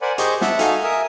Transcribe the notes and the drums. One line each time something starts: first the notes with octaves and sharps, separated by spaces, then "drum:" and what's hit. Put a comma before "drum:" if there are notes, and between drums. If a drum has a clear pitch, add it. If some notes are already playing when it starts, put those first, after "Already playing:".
A#4 C5 D5 F#5 G#5 B5
G4 G#4 C5 D#5 C#6 G6, drum: hi-hat
E5 F#5 A5, drum: snare
D#4 F#4 A4 F5 G#5, drum: hi-hat
A#4 E5 G#5 D#6